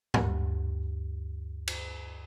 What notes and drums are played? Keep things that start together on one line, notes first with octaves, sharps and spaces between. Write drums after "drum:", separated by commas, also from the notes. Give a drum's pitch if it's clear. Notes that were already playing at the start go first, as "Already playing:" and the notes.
D2 G2, drum: tom G#2
drum: cymbal